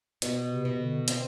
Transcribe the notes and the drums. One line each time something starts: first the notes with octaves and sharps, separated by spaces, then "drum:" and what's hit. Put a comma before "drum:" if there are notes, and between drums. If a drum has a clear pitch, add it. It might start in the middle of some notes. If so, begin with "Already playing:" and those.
B2, drum: hi-hat
C3
B2
D3
C4, drum: hi-hat